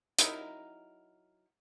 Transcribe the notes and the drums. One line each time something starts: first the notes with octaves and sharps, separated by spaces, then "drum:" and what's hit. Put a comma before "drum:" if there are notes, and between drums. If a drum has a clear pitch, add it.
F#3 D#4 E4 A#4, drum: hi-hat